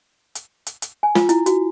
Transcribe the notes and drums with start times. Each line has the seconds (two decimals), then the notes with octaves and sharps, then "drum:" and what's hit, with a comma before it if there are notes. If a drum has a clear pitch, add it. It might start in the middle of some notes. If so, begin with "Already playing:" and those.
0.35 drum: hi-hat
0.67 drum: hi-hat
0.82 drum: hi-hat
1.03 G#5
1.15 F4, drum: snare
1.29 E4, drum: hi-hat
1.46 F#4, drum: hi-hat